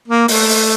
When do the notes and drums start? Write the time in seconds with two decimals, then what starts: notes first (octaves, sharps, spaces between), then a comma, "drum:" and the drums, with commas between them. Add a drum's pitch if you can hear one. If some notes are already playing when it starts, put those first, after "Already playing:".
0.08 A#3
0.28 A3, drum: open hi-hat
0.49 drum: open hi-hat